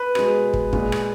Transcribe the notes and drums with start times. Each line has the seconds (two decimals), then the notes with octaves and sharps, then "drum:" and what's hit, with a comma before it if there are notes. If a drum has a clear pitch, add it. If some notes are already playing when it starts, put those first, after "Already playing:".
Already playing: B4
0.15 B2 G#3, drum: rim click
0.54 drum: kick
0.73 A#2 G#3, drum: kick
0.92 drum: rim click